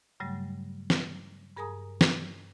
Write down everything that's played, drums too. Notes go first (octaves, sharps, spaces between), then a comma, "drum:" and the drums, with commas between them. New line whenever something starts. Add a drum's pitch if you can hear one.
G2 C#3 F#3 G3 A3
drum: snare
G2 G#4 A#4 G#5 A#5 D#6
drum: snare